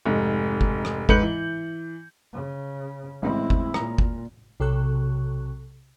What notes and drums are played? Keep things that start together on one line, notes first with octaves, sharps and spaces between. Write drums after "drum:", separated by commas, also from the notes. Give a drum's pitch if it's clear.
F1 G#2
drum: kick G1
drum: rim click
G#2 B4 G6 C#7 F#7, drum: kick G1
E3
C#3
A1 G#3 C4 E4
drum: kick G1
A#2 A#5, drum: rim click
drum: kick G1
B1 C3 A4 C#6 F#6